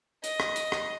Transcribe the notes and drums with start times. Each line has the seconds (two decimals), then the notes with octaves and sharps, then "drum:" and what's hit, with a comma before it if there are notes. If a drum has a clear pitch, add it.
0.24 D#5, drum: hi-hat
0.40 drum: rim click
0.56 drum: hi-hat
0.72 drum: rim click